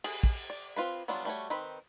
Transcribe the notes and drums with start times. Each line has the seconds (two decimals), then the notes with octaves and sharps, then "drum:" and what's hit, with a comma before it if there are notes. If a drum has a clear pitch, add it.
0.04 G#4, drum: cymbal
0.23 drum: kick
0.50 D5
0.76 C4 F4 B4 B5
1.08 F#3 G3 B3 D4 F4
1.25 G3 A3 D4 F#4 C#5
1.50 D#3 C4 B4 B5